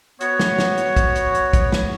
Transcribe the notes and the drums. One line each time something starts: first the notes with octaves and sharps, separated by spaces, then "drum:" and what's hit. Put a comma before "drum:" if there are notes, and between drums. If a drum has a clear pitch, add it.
B3 F#4 C#5, drum: hi-hat
drum: snare
drum: snare
drum: hi-hat
drum: kick, hi-hat
drum: hi-hat
drum: hi-hat
drum: kick, hi-hat
drum: snare